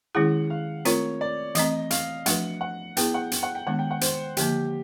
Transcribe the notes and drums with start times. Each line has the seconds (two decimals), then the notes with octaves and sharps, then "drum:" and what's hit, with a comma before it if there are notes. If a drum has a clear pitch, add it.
0.15 D#3 G#3 C#4 E4 G#4 F#5
0.50 F5
0.85 A3 C4 F4 A#4 C#5, drum: hi-hat
1.21 D5
1.55 E3 A3 C4 D#5, drum: hi-hat
1.91 F5, drum: hi-hat
2.26 F3 A3 D4 F#4 B4 F#5, drum: hi-hat
2.61 F#5
2.97 B3 E4 G#4 B4 G5, drum: hi-hat
3.14 F#5
3.32 drum: hi-hat
3.43 F#5
3.55 G5
3.67 D#3 G#3 B3 D4 F#5
3.79 G5
3.91 F#5
4.01 C5, drum: hi-hat
4.37 D3 F3 A#3 G4, drum: hi-hat